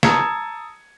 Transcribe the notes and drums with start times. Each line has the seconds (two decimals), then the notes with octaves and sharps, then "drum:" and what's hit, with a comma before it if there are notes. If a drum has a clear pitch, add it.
0.03 A5 A#5 D#6 E6 G#6 C#7, drum: snare